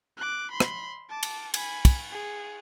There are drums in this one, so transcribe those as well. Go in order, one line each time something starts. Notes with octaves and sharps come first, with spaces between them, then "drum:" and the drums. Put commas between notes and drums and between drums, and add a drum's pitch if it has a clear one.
D6 F#6
B5 C6
drum: rim click
A5 D6
drum: cymbal
G#5 B5, drum: cymbal
drum: kick, cymbal
G#4